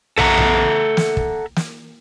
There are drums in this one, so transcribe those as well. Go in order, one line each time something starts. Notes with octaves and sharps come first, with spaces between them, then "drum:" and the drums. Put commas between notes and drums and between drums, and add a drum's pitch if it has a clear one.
A4 E5 F#5 A#5, drum: tom
drum: tom
drum: snare
drum: kick
drum: snare